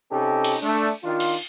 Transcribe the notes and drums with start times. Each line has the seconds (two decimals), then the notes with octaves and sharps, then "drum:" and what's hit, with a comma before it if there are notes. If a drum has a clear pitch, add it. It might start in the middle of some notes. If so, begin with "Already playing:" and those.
0.12 C3 C#4 D#4 G4 A4
0.44 drum: cymbal
0.62 A3 D4
1.04 D#3 D4 F4
1.20 drum: cymbal